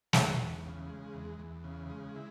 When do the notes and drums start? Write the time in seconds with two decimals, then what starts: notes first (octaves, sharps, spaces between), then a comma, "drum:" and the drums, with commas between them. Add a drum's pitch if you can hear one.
0.13 E2, drum: snare
0.38 E2
0.64 C#3
0.89 G#3
1.14 E2
1.39 E2
1.64 C#3
1.90 G#3
2.15 E4